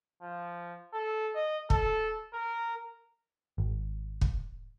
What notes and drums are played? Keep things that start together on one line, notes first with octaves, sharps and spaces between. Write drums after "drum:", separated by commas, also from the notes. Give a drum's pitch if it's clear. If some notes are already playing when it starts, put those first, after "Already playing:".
F3
A4
D#5
A4, drum: kick
A#4
G#1
drum: kick